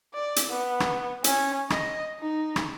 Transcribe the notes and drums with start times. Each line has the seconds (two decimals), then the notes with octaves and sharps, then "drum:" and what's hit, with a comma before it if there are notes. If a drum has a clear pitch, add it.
0.14 D5
0.36 drum: hi-hat
0.50 B3
0.80 drum: rim click
1.24 C#4, drum: hi-hat
1.70 D#5, drum: rim click
2.20 D#4
2.56 drum: rim click